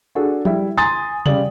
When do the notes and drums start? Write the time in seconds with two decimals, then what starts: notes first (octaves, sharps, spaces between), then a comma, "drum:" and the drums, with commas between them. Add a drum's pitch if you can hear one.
0.15 D4 F#4 G#4 A4
0.45 G3 E4, drum: tom
0.77 G#5 A#5 C6 D#6 A6
1.26 C#3 G3 D5 F#7, drum: tom C3